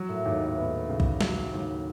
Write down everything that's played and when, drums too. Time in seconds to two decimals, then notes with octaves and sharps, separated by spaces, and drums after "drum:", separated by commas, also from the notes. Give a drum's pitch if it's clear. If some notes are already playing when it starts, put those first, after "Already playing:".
Already playing: F#3
0.09 A2
0.25 D#2 G#2
0.41 A2
0.58 B3
0.89 C#3
1.00 drum: kick
1.21 F#3, drum: snare
1.54 D#2